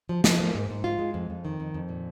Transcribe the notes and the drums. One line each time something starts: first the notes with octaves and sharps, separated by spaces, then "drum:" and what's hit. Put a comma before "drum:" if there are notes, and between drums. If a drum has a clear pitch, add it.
F3
F3, drum: snare
A#3
G#2
G#2
F4
G#3
F2
F2
D#3
F2
F2
A#2